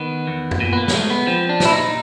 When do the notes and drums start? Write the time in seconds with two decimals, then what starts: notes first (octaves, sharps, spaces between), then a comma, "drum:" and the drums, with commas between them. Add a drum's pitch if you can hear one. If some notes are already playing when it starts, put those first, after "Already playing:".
Already playing: D#3 B3
0.27 E2
0.51 drum: tom F#2
0.60 A#2
0.73 B3
0.77 A#3
0.88 A#3, drum: snare
0.94 G#3 A3
1.10 B3
1.27 F3 C4
1.49 D4
1.60 A#2, drum: snare
1.65 E4
1.72 D#4